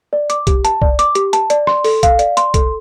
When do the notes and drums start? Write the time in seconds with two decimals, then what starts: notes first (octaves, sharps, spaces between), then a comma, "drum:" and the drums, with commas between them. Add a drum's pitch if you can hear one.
0.13 D5
0.30 D6, drum: hi-hat
0.47 G4, drum: kick B1, hi-hat
0.65 A5, drum: hi-hat
0.82 D5, drum: kick B1
0.99 D6, drum: hi-hat
1.15 G4, drum: hi-hat
1.33 A5, drum: hi-hat
1.50 D5, drum: hi-hat
1.67 C6, drum: rim click
1.84 A4, drum: open hi-hat
2.03 F5, drum: kick B1, hi-hat
2.19 D5, drum: hi-hat
2.37 C6, drum: hi-hat
2.54 A4, drum: kick B1, hi-hat